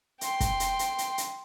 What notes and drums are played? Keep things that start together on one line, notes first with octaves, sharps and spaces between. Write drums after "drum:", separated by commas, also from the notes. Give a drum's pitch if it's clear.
G5 C6, drum: hi-hat
drum: kick, hi-hat
drum: hi-hat
drum: hi-hat
drum: hi-hat
drum: hi-hat